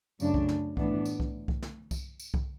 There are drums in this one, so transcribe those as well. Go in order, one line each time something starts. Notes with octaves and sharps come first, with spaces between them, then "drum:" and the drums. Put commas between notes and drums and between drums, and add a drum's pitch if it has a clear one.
F#2 C#3 F#3 A3 D4, drum: tambourine
drum: kick C2
drum: snare
A2 E3 B3 D4, drum: kick C2
drum: tambourine
drum: kick C2
drum: kick C2
drum: snare
drum: kick C2, tambourine
drum: tambourine
drum: kick C2